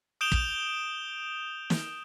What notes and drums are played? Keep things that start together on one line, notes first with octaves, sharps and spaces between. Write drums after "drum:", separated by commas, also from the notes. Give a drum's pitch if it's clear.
D#6 G6 D7 E7 F7 G7
drum: kick
drum: snare